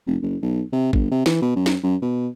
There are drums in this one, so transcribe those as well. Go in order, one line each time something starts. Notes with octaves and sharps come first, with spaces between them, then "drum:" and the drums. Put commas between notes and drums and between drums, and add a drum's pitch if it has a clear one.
F1
F#1
B1
C3
G1, drum: kick
C3
E3, drum: snare
B2
F#2
drum: snare
F#2
B2